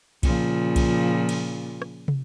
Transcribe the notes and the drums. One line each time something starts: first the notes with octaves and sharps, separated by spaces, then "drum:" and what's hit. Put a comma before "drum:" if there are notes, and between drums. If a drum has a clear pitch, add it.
A#2 C#3 F3, drum: kick B1, cymbal
drum: kick B1, cymbal
drum: cymbal
drum: rim click
drum: tom